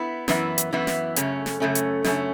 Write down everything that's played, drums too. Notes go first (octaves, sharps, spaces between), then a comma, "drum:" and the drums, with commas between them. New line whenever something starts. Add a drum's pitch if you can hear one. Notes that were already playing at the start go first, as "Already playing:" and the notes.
Already playing: B3 E4
F#2 E3 B3 E4, drum: snare
drum: hi-hat
F#2 E3 B3 E4
drum: snare
F#2 C#3 A3 C#4, drum: hi-hat
drum: snare
F#2 C#3 A3 C#4
drum: hi-hat
F#2 C#3 A3 C#4, drum: snare